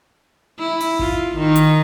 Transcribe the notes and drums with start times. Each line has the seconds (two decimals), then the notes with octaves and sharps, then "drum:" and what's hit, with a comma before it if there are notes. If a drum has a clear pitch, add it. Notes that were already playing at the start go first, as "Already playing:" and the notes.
0.59 E4
0.80 drum: open hi-hat
0.99 F4, drum: kick G#1
1.36 D#3
1.56 drum: hi-hat